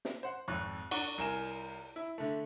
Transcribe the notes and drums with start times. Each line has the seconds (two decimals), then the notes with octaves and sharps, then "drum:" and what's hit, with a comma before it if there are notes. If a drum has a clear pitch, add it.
0.05 drum: snare
0.23 C5 F#5
0.48 G#1 F2 C#6 F#6
0.91 D4 F#5 A#5 C#6, drum: cymbal
1.18 C2 A#4 G#5 E7
1.96 E4
2.18 D3 A3